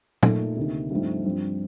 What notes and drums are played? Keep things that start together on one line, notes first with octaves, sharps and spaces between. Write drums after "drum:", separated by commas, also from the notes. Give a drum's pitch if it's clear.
A#2 A3 D#4 A4, drum: tom
D2 C3 D#3 A#3 D#4
G2 F3 A3 C4 D#4
G2 F3 C4